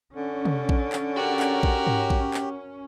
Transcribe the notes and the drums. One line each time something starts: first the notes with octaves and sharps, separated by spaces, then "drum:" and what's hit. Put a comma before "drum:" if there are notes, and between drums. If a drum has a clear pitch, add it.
D3 C#4
drum: tom C3
drum: kick A#1
drum: clap
F#4 G4 A#4
drum: clap
drum: kick A#1
drum: tom G#2
drum: kick A#1
drum: clap